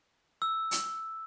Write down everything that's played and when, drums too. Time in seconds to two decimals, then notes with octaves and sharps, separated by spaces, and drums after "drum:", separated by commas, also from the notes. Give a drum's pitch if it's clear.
0.42 E6
0.71 drum: hi-hat